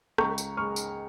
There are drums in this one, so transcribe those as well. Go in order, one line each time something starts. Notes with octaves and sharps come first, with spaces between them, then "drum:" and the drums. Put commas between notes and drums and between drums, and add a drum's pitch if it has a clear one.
C#2 A#5 C#6, drum: rim click
drum: tambourine
G#3 C#6 F6
drum: tambourine